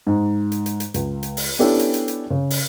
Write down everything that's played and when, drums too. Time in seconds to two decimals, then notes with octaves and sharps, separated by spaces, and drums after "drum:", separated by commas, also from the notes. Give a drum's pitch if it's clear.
0.07 G#2
0.52 drum: hi-hat
0.66 drum: hi-hat
0.80 drum: hi-hat
0.94 C#2, drum: hi-hat
1.23 drum: hi-hat
1.37 drum: open hi-hat
1.59 B3 C#4 D4 E4 G4 A4
1.79 drum: hi-hat
1.94 drum: hi-hat
2.08 drum: hi-hat
2.30 C#3
2.50 drum: open hi-hat